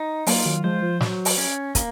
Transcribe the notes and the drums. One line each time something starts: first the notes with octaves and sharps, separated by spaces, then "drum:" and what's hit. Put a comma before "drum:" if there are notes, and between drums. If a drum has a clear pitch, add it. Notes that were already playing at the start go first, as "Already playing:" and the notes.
Already playing: D#4
F#3 A#3 F4, drum: open hi-hat
D#3 F#3
F3 G#3 C5
F3
F#3, drum: snare
drum: open hi-hat
C#4
A#3, drum: kick, hi-hat